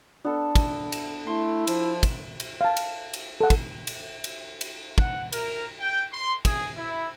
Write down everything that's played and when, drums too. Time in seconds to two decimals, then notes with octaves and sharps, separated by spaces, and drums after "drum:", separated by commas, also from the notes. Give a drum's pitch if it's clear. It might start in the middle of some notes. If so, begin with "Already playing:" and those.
0.24 B3 D4 A4
0.55 drum: kick, cymbal
0.92 drum: cymbal
1.27 A3 E4 C6
1.67 F3, drum: cymbal
2.03 drum: kick, cymbal
2.40 drum: cymbal
2.61 F5 A5
2.77 drum: cymbal
3.13 drum: cymbal
3.41 A4 F#5
3.50 drum: kick, cymbal
3.87 drum: cymbal
4.24 drum: cymbal
4.61 drum: cymbal
4.98 F#5, drum: kick
5.32 A#4, drum: cymbal
5.78 G5
6.11 C6
6.45 G#4, drum: kick, cymbal
6.76 E4